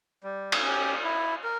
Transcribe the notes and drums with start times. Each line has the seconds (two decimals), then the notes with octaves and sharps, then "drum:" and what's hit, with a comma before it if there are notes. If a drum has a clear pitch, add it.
0.24 G3
0.52 drum: cymbal
0.63 C#4 G4
1.03 E4
1.44 A#4